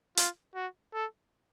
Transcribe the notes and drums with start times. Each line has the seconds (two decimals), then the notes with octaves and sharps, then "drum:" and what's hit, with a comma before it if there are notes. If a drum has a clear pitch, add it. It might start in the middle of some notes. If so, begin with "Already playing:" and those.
0.17 F4, drum: hi-hat
0.55 F#4
0.94 A4